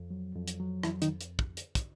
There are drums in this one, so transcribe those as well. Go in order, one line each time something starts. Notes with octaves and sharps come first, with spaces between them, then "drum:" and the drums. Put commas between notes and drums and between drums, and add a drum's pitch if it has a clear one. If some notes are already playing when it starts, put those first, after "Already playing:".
Already playing: F2
F#3
F2
drum: hi-hat
F#3
F2 E3 E4, drum: rim click
D#3 D#4, drum: hi-hat
F2
drum: hi-hat
drum: kick
drum: hi-hat
drum: kick, hi-hat